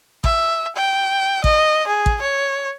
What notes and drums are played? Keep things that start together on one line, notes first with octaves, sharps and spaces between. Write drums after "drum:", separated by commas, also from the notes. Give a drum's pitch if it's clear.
E5, drum: kick
G5
D#5, drum: kick
G#4
drum: kick
C#5